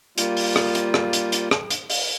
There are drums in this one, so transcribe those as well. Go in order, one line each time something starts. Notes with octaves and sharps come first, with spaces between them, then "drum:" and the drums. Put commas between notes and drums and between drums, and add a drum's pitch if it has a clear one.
G3 A#3 F4, drum: hi-hat
drum: open hi-hat
drum: rim click
drum: hi-hat
drum: rim click
drum: hi-hat
drum: hi-hat
drum: rim click
drum: hi-hat
drum: open hi-hat